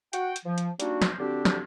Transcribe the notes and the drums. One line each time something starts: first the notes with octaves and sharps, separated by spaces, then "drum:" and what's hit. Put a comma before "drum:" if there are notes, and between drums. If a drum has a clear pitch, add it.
F#4 F#5 G5, drum: hi-hat
drum: hi-hat
F3
drum: hi-hat
G3 A#3 D4 D#4 F#4, drum: hi-hat
drum: snare
D3 C4 D4 F#4 G4
drum: snare